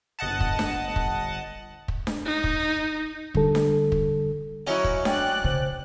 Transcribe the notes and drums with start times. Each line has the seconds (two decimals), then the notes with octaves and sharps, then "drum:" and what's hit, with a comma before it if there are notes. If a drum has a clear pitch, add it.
0.19 G1 D#5 F#5 A5
0.40 drum: kick
0.59 drum: snare D4
0.96 drum: kick
1.88 drum: kick
2.07 drum: snare D4
2.25 D#4
2.44 drum: kick
3.34 D3 G3 A4, drum: kick
3.55 drum: snare D4
3.92 drum: kick
4.67 F#3 C#4 D#4 E4 F#4
4.84 drum: kick
5.05 D5 G5 F#6, drum: snare D4
5.45 C#3 C5